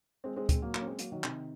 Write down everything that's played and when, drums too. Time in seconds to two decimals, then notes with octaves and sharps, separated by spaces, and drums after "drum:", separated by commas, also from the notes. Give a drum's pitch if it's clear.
0.24 G#3 C4
0.36 G#3 C4
0.49 G#3 C4, drum: kick D2, hi-hat
0.62 F#3 A#3
0.75 F#3 A#3, drum: clap
0.81 C#4
0.86 G#3 C4
0.99 F#3 A#3, drum: hi-hat
1.12 D#3 F#3
1.24 C3 D#3, drum: clap